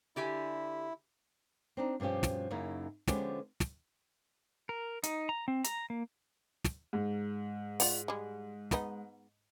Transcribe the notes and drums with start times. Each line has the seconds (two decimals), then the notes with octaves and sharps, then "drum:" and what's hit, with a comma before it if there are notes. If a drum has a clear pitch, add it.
0.16 D3 E4 G4 G#5
1.77 C4 D4 D#4
2.00 G2 B2 F3 C#4 G4
2.23 drum: snare
2.51 F#2 C#3 A#3 D#4 E4
3.08 D3 F3 G#3 B3 C#4 G4, drum: snare
3.60 drum: snare
4.69 A#4
5.03 D#4, drum: hi-hat
5.29 A#5
5.48 C4
5.64 A#5, drum: hi-hat
5.90 A#3
6.64 drum: snare
6.93 G#2
7.80 F4 D5 F#5, drum: open hi-hat
8.08 G3 G#3
8.71 G#3 B3 D#4, drum: snare